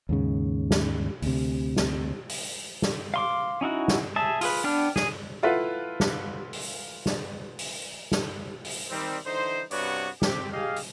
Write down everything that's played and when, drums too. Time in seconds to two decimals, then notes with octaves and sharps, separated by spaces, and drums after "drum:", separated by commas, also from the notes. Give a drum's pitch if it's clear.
0.09 D#2 G#2 C#3
0.71 drum: snare
1.22 D2 C3, drum: open hi-hat
1.76 drum: snare
2.29 drum: open hi-hat
2.82 drum: snare
3.14 F5 C6 D6
3.61 C#4 D#4 E4 F#4
3.88 drum: snare
4.16 G#4 E5 A5
4.41 F4 G#4 B4, drum: open hi-hat
4.64 B3 D4 G5 F6
4.96 G#4, drum: snare
5.43 E4 F4 A4 B4 F5 F#5
6.00 drum: snare
6.53 drum: open hi-hat
7.06 drum: snare
7.59 drum: open hi-hat
8.12 drum: snare
8.65 drum: open hi-hat
8.90 D#3 G3 C4
9.25 D3 E3 D#4 C5
9.71 G2 C3 B3 F#4 C#5 D5, drum: open hi-hat
10.22 C4 G4, drum: snare
10.52 G4 G#4 D#5 F5
10.76 drum: open hi-hat